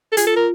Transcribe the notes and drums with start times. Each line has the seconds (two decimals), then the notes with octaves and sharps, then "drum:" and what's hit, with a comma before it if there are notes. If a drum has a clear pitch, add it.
0.12 A4
0.17 F4 G#4, drum: hi-hat
0.27 A4
0.36 A#4